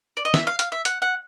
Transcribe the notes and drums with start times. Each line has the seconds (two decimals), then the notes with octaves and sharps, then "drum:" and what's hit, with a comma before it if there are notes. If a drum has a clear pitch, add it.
0.17 D5
0.25 D#5
0.34 E5, drum: snare
0.47 F5
0.59 F5, drum: hi-hat
0.72 E5
0.85 F#5, drum: hi-hat
1.02 F#5